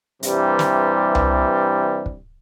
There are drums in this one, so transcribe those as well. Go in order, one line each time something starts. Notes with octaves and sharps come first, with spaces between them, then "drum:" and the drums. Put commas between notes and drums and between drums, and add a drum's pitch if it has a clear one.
G2 C3 E3 G3, drum: hi-hat
drum: snare
drum: tom C2
drum: kick